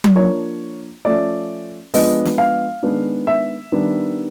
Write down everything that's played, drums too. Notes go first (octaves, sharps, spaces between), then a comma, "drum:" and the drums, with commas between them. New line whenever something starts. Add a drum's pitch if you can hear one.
drum: tom F#3
F3 A#3 D4 C#5
F3 A3 C#4 D5
F3 G#3 B3 D4 D#5, drum: open hi-hat
drum: snare
F5
D#3 G#3 B3 D4
E5
D#3 G3 B3 D4